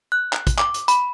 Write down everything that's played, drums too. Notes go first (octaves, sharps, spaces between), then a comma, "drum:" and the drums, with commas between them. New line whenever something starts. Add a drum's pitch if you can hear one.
F#6
drum: clap
drum: kick, hi-hat
D6, drum: clap
drum: hi-hat
B5, drum: hi-hat